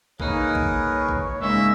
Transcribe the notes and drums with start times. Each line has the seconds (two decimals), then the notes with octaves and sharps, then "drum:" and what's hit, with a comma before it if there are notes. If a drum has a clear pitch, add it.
0.20 A#3 D#4 G#4 A#4 B4 C#5, drum: kick A#1
0.55 drum: kick A#1
1.09 drum: kick A#1
1.42 G#2 C#3 G#3 A#3 E5